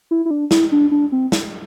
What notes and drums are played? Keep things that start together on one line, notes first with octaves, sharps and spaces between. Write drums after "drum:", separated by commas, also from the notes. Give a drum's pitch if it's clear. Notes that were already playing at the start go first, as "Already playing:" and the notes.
E4
E4
D4
E4, drum: snare
D4
D4
C4
drum: snare